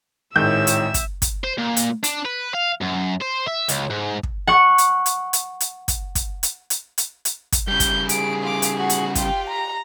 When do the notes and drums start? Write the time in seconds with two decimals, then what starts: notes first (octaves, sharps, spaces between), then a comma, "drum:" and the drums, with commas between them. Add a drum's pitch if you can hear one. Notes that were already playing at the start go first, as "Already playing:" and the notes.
0.36 G#1 A2 D#3 G#3 E5 E6 G6
0.67 drum: hi-hat
0.94 drum: kick, hi-hat
1.22 drum: kick, hi-hat
1.44 C5
1.58 A#2
1.77 drum: hi-hat
2.04 D4, drum: hi-hat
2.25 B4
2.55 F5
2.82 F#2
3.22 C5
3.48 E5
3.69 C#2, drum: hi-hat
3.90 G#2
4.23 drum: kick
4.47 F#5 C#6
4.78 drum: hi-hat
5.06 drum: hi-hat
5.33 drum: hi-hat
5.60 drum: hi-hat
5.88 drum: kick, hi-hat
6.15 drum: kick, hi-hat
6.43 drum: hi-hat
6.70 drum: hi-hat
6.98 drum: hi-hat
7.25 drum: hi-hat
7.52 drum: kick, hi-hat
7.68 C#3 G3 G6
7.80 drum: kick, hi-hat
8.09 G#4 D7, drum: hi-hat
8.41 F4 D6
8.62 drum: hi-hat
8.76 F#4 F#5
8.90 drum: hi-hat
9.15 F4 G4 G5, drum: kick, hi-hat
9.50 A#5